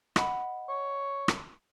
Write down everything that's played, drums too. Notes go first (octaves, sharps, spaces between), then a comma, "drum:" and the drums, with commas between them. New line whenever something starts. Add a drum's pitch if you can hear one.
D#5 F#5 B5, drum: rim click
C#5
drum: rim click